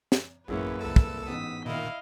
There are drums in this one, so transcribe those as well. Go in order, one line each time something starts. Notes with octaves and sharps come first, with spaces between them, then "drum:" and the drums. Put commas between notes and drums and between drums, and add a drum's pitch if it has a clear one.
drum: snare
A1 F#2 A#3 C#4 E4 G#4 B4
C2 A4 E6
drum: kick
A1 G#2 B3 D#6 B6
A#2 D#3 E4 D#5 F5